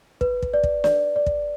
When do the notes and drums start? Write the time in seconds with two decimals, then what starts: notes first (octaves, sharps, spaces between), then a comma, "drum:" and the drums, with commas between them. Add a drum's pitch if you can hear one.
0.21 B4, drum: kick
0.42 drum: kick
0.54 D5
0.63 drum: kick
0.84 D5, drum: snare
1.16 D5
1.26 drum: kick